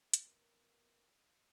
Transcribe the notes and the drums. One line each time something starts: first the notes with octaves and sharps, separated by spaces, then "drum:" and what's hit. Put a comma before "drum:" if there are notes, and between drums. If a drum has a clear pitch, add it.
drum: hi-hat
D#2 B3 A#4